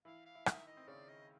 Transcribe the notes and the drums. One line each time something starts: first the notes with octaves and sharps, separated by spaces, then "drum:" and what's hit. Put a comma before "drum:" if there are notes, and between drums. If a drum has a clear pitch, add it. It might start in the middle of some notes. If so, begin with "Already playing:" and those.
E3 E4 F5
F5
E4
D#3 D#4 E5, drum: rim click
D#5
C4
C#3 C#4 D5
D#5